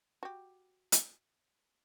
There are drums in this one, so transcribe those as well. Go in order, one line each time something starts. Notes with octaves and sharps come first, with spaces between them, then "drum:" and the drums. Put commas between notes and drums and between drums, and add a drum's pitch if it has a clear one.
F#4 G4
drum: hi-hat